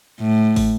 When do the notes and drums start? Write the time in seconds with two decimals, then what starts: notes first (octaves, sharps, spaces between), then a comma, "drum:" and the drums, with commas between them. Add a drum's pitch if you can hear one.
0.20 A2
0.56 drum: kick, open hi-hat